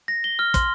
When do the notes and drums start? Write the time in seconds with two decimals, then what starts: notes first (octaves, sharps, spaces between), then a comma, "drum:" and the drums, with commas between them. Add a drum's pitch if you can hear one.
0.08 A#6
0.24 G7
0.39 F6
0.54 C6, drum: kick, hi-hat